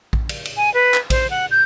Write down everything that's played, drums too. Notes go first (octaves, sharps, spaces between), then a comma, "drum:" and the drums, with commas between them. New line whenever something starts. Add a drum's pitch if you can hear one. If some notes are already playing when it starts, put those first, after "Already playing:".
drum: kick A#1
drum: cymbal
drum: cymbal
G#5
B4
drum: clap
C5, drum: kick A#1, cymbal
F#5
G6